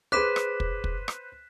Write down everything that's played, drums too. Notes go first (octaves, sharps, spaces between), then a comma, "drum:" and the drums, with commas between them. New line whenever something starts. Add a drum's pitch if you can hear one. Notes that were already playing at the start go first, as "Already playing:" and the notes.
G#4 B4 C5 D6 F#6 B6 E7
drum: rim click
drum: kick
drum: kick
drum: rim click